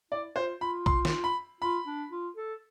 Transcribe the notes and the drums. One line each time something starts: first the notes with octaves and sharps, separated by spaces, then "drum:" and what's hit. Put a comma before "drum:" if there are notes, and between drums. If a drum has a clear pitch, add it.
E4 D5
F4 C5
F4 B5
C6, drum: kick A#1
drum: snare
B5
F4 B5
D4
F4
A4